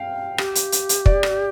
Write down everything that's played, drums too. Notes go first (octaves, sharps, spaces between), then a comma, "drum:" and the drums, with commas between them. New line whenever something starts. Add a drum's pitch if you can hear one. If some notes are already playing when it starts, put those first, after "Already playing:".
Already playing: F5 G5
G4, drum: rim click
drum: hi-hat
drum: hi-hat
drum: hi-hat
D5, drum: kick
drum: rim click